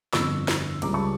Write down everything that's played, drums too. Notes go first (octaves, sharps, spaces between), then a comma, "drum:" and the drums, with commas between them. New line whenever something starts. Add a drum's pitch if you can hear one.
G1 F2 D3 C#6 E6, drum: snare
drum: snare
C#2 C#3 G3 A#5 D6, drum: cymbal
A5 C#6